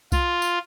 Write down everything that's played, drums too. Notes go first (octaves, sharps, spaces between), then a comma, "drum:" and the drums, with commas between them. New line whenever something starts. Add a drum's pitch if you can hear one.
F4, drum: kick C2, tambourine
drum: tambourine